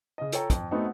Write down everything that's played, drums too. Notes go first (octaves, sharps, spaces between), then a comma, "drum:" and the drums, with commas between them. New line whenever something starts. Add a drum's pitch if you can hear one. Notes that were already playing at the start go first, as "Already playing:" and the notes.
C#3 D#5
F4 A4 C#5 G5 A#5, drum: hi-hat
F2, drum: kick, hi-hat
A3 B3 C4 D#4 F#4